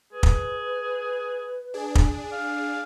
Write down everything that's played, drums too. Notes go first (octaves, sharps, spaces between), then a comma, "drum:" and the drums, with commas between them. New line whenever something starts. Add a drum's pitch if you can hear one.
G#4 B4
drum: kick
D4 G#4
drum: kick
F5